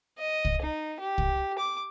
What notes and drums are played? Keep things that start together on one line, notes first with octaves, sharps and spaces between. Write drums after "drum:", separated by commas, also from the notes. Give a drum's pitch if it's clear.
D#5
drum: kick
D#4
G4
drum: kick
D6